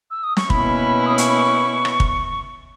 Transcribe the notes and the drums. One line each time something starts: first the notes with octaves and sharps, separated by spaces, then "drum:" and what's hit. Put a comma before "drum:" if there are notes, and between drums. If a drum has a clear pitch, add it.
E6
D#6
C#6, drum: snare
B2 A#3 C#4 E4 B4 B5, drum: kick
D#6
C#6, drum: hi-hat
drum: rim click
drum: kick